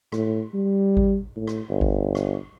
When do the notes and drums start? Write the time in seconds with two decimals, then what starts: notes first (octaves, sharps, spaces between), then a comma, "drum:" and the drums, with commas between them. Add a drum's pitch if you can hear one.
0.12 A2, drum: rim click
0.54 G3
0.97 drum: kick G#1
1.36 A2
1.47 drum: rim click
1.70 G1
1.81 drum: kick G#1
2.15 drum: rim click